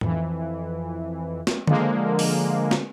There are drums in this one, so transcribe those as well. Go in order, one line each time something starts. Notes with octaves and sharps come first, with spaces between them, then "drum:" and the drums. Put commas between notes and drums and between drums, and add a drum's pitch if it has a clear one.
F2 E3, drum: tom
drum: snare
D3 F3 G#3 A#3, drum: tom
drum: open hi-hat
drum: snare